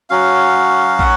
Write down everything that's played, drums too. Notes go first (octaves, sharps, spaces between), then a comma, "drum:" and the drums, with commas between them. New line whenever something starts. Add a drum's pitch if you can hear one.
F#3 C#4 F#4 F5
F#5, drum: kick